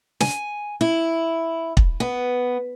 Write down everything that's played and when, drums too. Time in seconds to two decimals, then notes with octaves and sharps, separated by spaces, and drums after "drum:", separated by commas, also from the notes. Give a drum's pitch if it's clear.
0.20 G#5, drum: snare
0.81 E4
1.77 drum: kick
2.00 B3